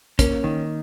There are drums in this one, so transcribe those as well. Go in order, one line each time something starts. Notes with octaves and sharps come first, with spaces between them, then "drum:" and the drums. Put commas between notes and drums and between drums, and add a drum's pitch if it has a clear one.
A#3 C#4, drum: kick, hi-hat
D#3